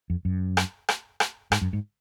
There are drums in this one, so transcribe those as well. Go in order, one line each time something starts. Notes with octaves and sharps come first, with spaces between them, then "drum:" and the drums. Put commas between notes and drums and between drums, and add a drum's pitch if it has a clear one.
F2
F#2
drum: rim click
drum: rim click
drum: rim click
G#2, drum: rim click
F#2
G#2